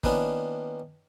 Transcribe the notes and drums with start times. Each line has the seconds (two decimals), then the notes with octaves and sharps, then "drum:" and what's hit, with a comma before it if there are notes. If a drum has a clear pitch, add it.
0.04 D#3 A#3 B3 C#4 D4 E4, drum: kick